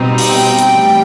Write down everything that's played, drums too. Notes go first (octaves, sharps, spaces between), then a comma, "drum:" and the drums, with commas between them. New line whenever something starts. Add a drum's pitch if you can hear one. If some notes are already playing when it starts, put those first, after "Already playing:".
Already playing: B2 G3 C4 D#4
drum: open hi-hat
G5
drum: hi-hat
A2 E3 G3